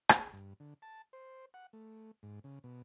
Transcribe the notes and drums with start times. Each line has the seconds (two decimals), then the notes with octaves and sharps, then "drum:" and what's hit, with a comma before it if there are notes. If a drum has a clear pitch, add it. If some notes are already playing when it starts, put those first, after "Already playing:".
0.09 drum: rim click
0.18 G#4
0.33 G2
0.60 D3
0.82 A5
1.13 C5
1.54 F#5
1.73 A3
2.23 G#2
2.44 C#3
2.64 B2